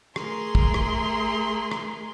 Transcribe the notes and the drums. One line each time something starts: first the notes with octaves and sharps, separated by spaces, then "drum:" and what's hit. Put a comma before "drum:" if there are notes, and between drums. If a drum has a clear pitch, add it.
A3 G#4 A#4 C6, drum: rim click
drum: kick
drum: rim click
drum: rim click